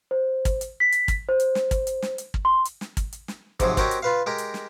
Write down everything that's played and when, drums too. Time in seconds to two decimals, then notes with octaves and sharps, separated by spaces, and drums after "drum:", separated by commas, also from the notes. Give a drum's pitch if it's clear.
0.11 C5
0.45 drum: kick, hi-hat
0.61 drum: hi-hat
0.80 B6
0.92 drum: hi-hat
1.08 drum: kick, hi-hat
1.29 C5
1.40 drum: hi-hat
1.55 drum: snare
1.71 drum: kick, hi-hat
1.87 drum: hi-hat
2.02 drum: snare
2.18 drum: hi-hat
2.34 drum: kick
2.45 C6
2.65 drum: hi-hat
2.81 drum: snare
2.97 drum: kick, hi-hat
3.13 drum: hi-hat
3.28 drum: snare
3.60 G#2 C3 F3 F#3, drum: kick, hi-hat
3.77 C4 F#4 G4 A#4 C#5 D#5, drum: kick, hi-hat
3.91 drum: hi-hat
4.03 F4 B4 F5
4.26 G#3 G4 A#4
4.38 drum: hi-hat
4.54 drum: snare